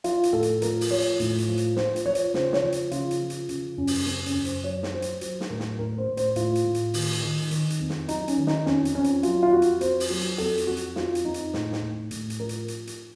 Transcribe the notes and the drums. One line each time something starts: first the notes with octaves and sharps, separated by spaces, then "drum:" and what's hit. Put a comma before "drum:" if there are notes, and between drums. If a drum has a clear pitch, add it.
F3 F4, drum: hi-hat
drum: hi-hat
A2 A4
drum: hi-hat
F3 A#4, drum: hi-hat
drum: open hi-hat
F3 C#5
drum: hi-hat
A2, drum: hi-hat
drum: hi-hat
F3
drum: hi-hat
F3 C5, drum: snare
drum: hi-hat
F3 C#5
drum: hi-hat
C#3 C5, drum: snare
C#5, drum: snare
F3
drum: hi-hat
C#3 F4, drum: hi-hat
drum: hi-hat
F3
drum: hi-hat
C#3, drum: hi-hat
F#2 C#4
drum: open hi-hat
C#3 C4, drum: hi-hat
C#4, drum: hi-hat
F#2
C5, drum: hi-hat
F#3 C#5
drum: snare
F#3 C5
drum: hi-hat
F#3 C5, drum: hi-hat
drum: snare
A2 A#4
drum: snare
A2 A#4
C5
A2
C5, drum: hi-hat
A2 F4, drum: hi-hat
drum: hi-hat
A2
drum: hi-hat
D#3, drum: open hi-hat
drum: hi-hat
D#3
D#3, drum: hi-hat
drum: hi-hat
F2
drum: snare
F#3 D#4, drum: hi-hat
C#4, drum: hi-hat
D#3
D#4, drum: snare
F2 C#4, drum: snare
drum: hi-hat
F2 C#4
drum: hi-hat
F#3 F4, drum: hi-hat
F4
F2 F#4
drum: hi-hat
F2 C5, drum: hi-hat
drum: open hi-hat
F#3
drum: hi-hat
F2 A4, drum: hi-hat
drum: hi-hat
F2 F#4
drum: hi-hat
F2 F4, drum: snare
drum: hi-hat
F2 D#4
drum: hi-hat
A2, drum: snare
drum: snare
A2
A2, drum: hi-hat
drum: hi-hat
F3 A#4
drum: hi-hat
drum: hi-hat
drum: hi-hat